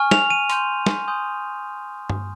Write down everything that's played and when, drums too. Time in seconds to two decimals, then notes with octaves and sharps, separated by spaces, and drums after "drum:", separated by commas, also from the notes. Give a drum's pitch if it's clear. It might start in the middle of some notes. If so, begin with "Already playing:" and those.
Already playing: G#5 C#6 F6
0.11 F7, drum: snare
0.30 D#7
0.50 C6 G6, drum: hi-hat
0.86 drum: snare
1.08 G#5 C6 D#6 G6
2.10 drum: tom G2